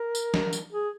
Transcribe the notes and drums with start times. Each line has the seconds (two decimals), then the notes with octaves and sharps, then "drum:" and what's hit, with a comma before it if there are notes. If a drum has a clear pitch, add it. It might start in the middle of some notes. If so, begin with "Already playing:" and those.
Already playing: A#4
0.15 drum: tambourine
0.34 drum: snare
0.53 drum: tambourine
0.72 G#4